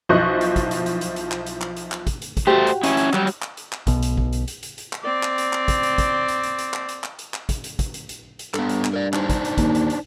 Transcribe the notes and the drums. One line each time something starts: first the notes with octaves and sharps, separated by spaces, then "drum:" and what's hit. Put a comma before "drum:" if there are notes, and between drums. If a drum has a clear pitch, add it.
B1 F3 E4 D#5 C#6 F#6
drum: hi-hat
drum: kick, hi-hat
drum: hi-hat
drum: hi-hat
drum: hi-hat
drum: hi-hat
drum: clap
drum: hi-hat
drum: clap
drum: hi-hat
drum: clap
drum: kick, hi-hat
drum: hi-hat
drum: kick, hi-hat
A3 F#4 G4 C5
drum: hi-hat
C#4 E4, drum: hi-hat
drum: hi-hat
F#3 G3, drum: clap
drum: hi-hat
drum: clap
drum: hi-hat
drum: clap
B1 B2, drum: kick, hi-hat
drum: hi-hat
drum: kick
drum: hi-hat
drum: hi-hat
drum: hi-hat
drum: hi-hat
drum: clap
C4 D5
drum: clap
drum: hi-hat
drum: clap
drum: kick, hi-hat
drum: hi-hat
drum: kick, hi-hat
drum: hi-hat
drum: hi-hat
drum: hi-hat
drum: clap
drum: hi-hat
drum: clap
drum: hi-hat
drum: clap
drum: kick, hi-hat
drum: hi-hat
drum: kick, hi-hat
drum: hi-hat
drum: hi-hat
drum: hi-hat
G2 B3 A4, drum: clap
drum: hi-hat
drum: clap
A#4 D5
D4 D#4 C5, drum: clap
drum: kick, hi-hat
drum: hi-hat
D#2, drum: kick, hi-hat
drum: hi-hat
drum: hi-hat